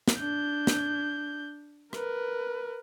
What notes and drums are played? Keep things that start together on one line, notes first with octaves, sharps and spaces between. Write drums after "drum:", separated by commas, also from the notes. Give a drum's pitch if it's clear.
drum: snare
D4 G6
drum: snare
A#4 B4, drum: rim click